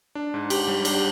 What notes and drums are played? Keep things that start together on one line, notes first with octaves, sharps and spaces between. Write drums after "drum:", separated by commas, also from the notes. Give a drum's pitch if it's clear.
D4
G#2
G4, drum: cymbal
G3
D4, drum: cymbal